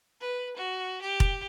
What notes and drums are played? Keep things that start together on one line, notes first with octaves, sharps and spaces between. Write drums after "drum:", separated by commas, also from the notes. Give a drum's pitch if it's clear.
B4
F#4
G4
drum: kick F1